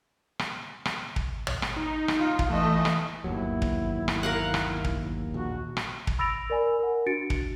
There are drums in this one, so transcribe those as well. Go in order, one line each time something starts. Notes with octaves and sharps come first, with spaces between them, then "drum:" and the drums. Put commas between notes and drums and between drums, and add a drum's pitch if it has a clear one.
drum: rim click
drum: rim click
drum: kick
drum: tom
drum: rim click
D#4
drum: rim click
F4
drum: kick
E3 A3 D#5
drum: rim click
G1 D#2 F#3 E4
drum: kick
drum: rim click
A#4 F5 F#5
drum: rim click
drum: kick
A#1 F#4
drum: rim click
drum: kick
B5 E6 A6 A#6 D7 F7
A#4 D5 G#5 B5
A#4 F#5
D4 F#4 A6 C#7 D7
drum: kick